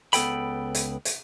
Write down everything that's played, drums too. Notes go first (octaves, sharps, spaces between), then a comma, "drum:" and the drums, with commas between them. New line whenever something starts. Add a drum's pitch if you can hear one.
C#2 B3 A4 G5 B5, drum: hi-hat
drum: hi-hat
drum: hi-hat